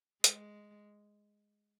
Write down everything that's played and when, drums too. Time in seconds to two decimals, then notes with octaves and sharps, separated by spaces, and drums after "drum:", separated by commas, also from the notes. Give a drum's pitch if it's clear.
0.24 G#3, drum: hi-hat